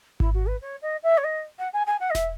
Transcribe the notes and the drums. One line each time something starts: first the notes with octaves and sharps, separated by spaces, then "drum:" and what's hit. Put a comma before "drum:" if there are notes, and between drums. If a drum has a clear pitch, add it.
E4, drum: kick G#1
F#4
B4
C#5
D#5
E5
C#5
D#5
F#5
G#5
G#5
F#5
D#5
E5, drum: snare E1